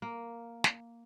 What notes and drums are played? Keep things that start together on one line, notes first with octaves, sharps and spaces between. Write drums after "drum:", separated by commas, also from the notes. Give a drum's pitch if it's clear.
A#3
drum: snare